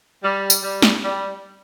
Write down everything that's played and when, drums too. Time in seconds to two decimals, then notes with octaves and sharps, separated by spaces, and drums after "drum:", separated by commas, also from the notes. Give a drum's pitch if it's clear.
0.23 G3
0.50 drum: tambourine
0.62 G3
0.82 drum: snare
1.03 G3